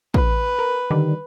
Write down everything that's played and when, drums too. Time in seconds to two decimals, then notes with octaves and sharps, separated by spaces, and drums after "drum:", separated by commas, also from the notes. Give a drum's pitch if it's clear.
0.14 B4, drum: kick
0.59 A#4
0.90 D3 D#3 G3